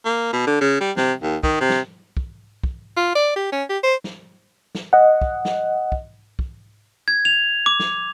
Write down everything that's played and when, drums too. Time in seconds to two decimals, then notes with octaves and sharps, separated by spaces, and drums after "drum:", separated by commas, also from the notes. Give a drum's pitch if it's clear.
0.05 A#3
0.33 B2
0.47 D3
0.61 C#3
0.81 G3
0.97 C3, drum: snare
1.23 D#2
1.43 D#3, drum: kick
1.61 C3
1.70 drum: snare
2.17 drum: kick
2.64 drum: kick
2.97 F4
3.15 D5
3.36 G4
3.52 C#4
3.70 G4
3.83 C5
4.04 drum: snare
4.75 drum: snare
4.93 D#5 F#5
5.22 drum: kick
5.45 drum: snare
5.92 drum: kick
6.39 drum: kick
7.08 G#6
7.25 F7
7.66 D6
7.80 drum: snare